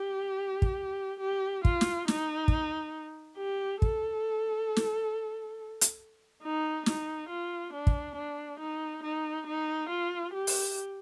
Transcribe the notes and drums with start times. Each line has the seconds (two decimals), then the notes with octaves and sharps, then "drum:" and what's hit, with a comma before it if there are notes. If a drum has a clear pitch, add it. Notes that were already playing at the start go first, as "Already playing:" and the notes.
Already playing: G4
0.62 drum: kick
1.20 G4
1.65 F4, drum: kick
1.81 drum: snare
2.08 D#4, drum: snare
2.48 drum: kick
3.38 G4
3.82 A4, drum: kick
4.77 drum: snare
5.81 drum: hi-hat
6.43 D#4
6.86 D#4, drum: snare
7.29 F4
7.73 D4
7.87 drum: kick
8.16 D4
8.60 D#4
9.03 D#4
9.47 D#4
9.89 F4
10.34 G4
10.47 drum: open hi-hat